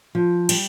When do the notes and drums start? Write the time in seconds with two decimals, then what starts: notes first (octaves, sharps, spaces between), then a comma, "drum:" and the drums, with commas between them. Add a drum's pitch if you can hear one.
0.15 F3
0.49 G3, drum: cymbal